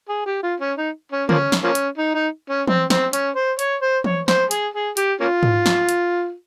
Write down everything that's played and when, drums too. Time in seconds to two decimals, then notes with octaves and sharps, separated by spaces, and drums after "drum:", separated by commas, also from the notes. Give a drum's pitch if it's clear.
0.09 G#4
0.26 G4
0.43 F4
0.60 C#4
0.77 D#4
1.12 C#4
1.29 F3 A#3 C#4, drum: tom C#3
1.52 drum: snare
1.64 F3 A#3 C#4
1.75 drum: hi-hat
1.98 D#4
2.15 D#4
2.50 C#4
2.68 C4, drum: tom E3
2.90 C4, drum: snare
3.13 C#4, drum: hi-hat
3.36 C5
3.59 C#5, drum: hi-hat
3.82 C5
4.04 C#5, drum: tom E3
4.28 C5, drum: snare
4.51 G#4, drum: hi-hat
4.74 G#4
4.97 G4, drum: hi-hat
5.20 A#3 C#4 F4
5.43 drum: tom G#2
5.66 drum: snare
5.89 drum: hi-hat